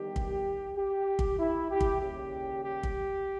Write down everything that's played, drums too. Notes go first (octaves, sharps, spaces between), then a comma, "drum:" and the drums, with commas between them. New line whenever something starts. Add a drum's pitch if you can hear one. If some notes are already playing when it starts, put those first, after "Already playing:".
Already playing: E2 D#3 G3 G4
drum: kick
G4
drum: kick
E4
G4
drum: kick
D#2 C#3 G3 G4
G4
drum: kick